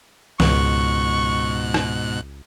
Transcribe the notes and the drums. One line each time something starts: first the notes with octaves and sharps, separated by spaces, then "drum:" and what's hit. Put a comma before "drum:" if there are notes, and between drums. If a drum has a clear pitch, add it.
C#2 G#2 B2 C#6 F#6, drum: snare
drum: rim click